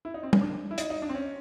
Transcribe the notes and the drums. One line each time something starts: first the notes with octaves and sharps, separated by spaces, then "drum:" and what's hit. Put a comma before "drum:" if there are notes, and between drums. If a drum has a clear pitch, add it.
E4
D#4
C4
C#4, drum: tom
D4
E4
D#4, drum: hi-hat
D#4
D4
C4
C#4